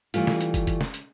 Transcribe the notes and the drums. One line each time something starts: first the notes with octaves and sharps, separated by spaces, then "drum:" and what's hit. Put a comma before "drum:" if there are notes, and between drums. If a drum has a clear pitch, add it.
E3 G3 A3 F4, drum: hi-hat
drum: snare
drum: hi-hat
drum: kick, hi-hat
drum: kick, hi-hat
drum: snare
drum: hi-hat